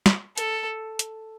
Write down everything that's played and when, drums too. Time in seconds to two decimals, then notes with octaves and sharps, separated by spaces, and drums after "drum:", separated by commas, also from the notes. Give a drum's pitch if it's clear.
0.06 drum: snare
0.38 A4, drum: hi-hat
0.99 drum: hi-hat